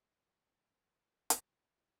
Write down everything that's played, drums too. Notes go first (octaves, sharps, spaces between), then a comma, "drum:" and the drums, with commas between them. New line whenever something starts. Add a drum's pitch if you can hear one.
D3
drum: hi-hat
B2